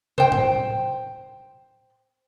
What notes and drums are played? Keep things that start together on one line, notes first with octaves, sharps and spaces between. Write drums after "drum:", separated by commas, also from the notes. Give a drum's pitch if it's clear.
C5 G5, drum: tom
drum: tom A2